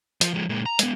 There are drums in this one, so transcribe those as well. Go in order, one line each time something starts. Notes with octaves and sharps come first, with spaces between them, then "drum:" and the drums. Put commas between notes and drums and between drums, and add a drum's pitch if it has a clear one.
F3, drum: hi-hat
F3 G#3
A#2 G#3
A#5
G#3 B3, drum: hi-hat